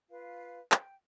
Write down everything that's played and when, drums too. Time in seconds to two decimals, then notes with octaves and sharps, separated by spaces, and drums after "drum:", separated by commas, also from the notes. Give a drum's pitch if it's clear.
0.11 F4 B4 F5
0.72 G5, drum: clap